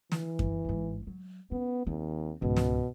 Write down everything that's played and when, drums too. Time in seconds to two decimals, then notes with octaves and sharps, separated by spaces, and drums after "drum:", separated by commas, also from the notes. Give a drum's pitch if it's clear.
0.12 E3, drum: snare
0.39 drum: kick F#2
0.65 A1 G#2
1.07 F#3
1.52 B3 C#4
1.87 D#2 C4
2.42 C#2 G#2 B2
2.56 drum: snare